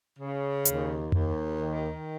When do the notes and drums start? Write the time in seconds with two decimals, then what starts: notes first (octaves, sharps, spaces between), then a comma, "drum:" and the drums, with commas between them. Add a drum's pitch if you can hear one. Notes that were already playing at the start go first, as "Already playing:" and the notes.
0.17 C#3
0.65 D#2, drum: hi-hat
1.12 D#2, drum: tom F2
1.60 D#3